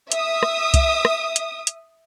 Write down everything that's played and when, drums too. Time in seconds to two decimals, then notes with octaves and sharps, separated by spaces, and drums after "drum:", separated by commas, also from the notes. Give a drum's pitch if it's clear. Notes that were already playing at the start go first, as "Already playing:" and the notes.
0.12 E5 D#6, drum: hi-hat
0.43 drum: rim click
0.74 drum: kick, hi-hat
1.05 drum: rim click
1.36 drum: hi-hat
1.67 drum: hi-hat